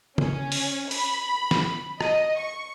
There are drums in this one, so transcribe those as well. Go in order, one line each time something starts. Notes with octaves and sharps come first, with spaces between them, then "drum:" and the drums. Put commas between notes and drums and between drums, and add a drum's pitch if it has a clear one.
C#4, drum: tom
drum: open hi-hat
B5, drum: open hi-hat
drum: snare
D#5, drum: rim click
C#6